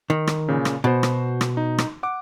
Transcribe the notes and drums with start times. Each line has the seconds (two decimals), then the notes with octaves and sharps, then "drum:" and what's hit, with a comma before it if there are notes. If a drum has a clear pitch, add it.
0.10 D#3
0.27 drum: rim click
0.48 A#2 C#3
0.65 drum: rim click
0.84 B2 F#4 C5
1.03 drum: rim click
1.41 drum: rim click
1.57 D#4
1.78 drum: rim click
2.03 F#5 D6